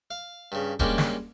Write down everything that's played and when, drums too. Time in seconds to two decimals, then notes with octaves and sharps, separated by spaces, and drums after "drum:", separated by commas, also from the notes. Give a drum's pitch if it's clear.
0.11 F5
0.52 G2 C#3
0.79 G3 G#3 A#3 C#4 D4 G4, drum: kick D#1
0.98 drum: snare